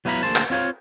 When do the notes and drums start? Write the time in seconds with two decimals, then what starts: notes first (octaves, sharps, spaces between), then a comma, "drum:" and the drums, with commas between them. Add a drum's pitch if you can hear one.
0.05 F#3 B3 E4 F5 A#5 B5
0.23 D2 A#3 G#4 C5 A5
0.36 drum: clap
0.50 C4 F4 C#5 F5